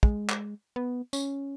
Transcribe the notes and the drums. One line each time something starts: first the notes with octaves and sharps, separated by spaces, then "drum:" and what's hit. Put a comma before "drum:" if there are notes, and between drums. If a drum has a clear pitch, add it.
G#3, drum: kick
drum: clap
B3
C#4, drum: tambourine